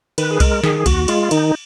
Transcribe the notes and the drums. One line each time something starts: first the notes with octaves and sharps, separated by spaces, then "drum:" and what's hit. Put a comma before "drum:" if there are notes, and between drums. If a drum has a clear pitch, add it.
D#3 B4, drum: cymbal
G#4
G#3 A#4, drum: kick C2, cymbal
D#3 G#4, drum: snare
D#2 F#4, drum: kick C2, cymbal
G#3 F4, drum: cymbal
D#3 D#4, drum: cymbal